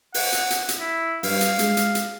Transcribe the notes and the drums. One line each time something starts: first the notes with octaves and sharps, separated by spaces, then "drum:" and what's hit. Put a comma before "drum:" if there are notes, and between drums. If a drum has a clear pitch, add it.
F#5, drum: open hi-hat
drum: hi-hat
drum: hi-hat
drum: hi-hat
E4
G2 F5, drum: open hi-hat
drum: hi-hat
G#3, drum: hi-hat
drum: hi-hat
drum: hi-hat